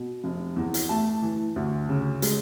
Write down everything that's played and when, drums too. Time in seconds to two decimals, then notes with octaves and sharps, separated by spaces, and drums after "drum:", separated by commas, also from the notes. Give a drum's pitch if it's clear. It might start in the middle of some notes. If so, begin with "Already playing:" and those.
Already playing: B2
0.24 F1
0.56 E2
0.74 drum: hi-hat
0.89 A3 A5
1.23 E3
1.56 D2
1.89 C#3
2.22 G#3, drum: hi-hat